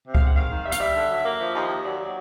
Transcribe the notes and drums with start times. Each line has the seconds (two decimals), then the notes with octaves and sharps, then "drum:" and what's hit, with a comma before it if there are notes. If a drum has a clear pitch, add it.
0.06 C3
0.15 F5, drum: kick C#2
0.20 G#3 F#5
0.35 D#3 F5
0.50 D#3
0.65 G3 E5
0.72 F5, drum: hi-hat
0.79 G3 E5
0.95 D3
1.10 F#3
1.25 A#3
1.39 F3
1.54 D#2 D#5
1.69 D#2
1.83 F#3 D5
1.98 F#3